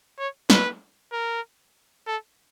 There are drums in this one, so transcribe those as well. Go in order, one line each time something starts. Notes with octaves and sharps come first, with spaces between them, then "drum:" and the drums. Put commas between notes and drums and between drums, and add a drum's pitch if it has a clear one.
C#5
B4, drum: snare
A#4
A4